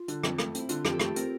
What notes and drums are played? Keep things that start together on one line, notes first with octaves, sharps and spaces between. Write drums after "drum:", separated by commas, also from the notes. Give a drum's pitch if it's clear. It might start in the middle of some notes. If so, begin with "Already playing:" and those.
Already playing: F4
D3, drum: hi-hat
F2, drum: rim click
A3, drum: rim click
C4 E4, drum: hi-hat
D3 F4, drum: hi-hat
F2 G4, drum: rim click
A4
A3 G4, drum: rim click
C4 A#4, drum: hi-hat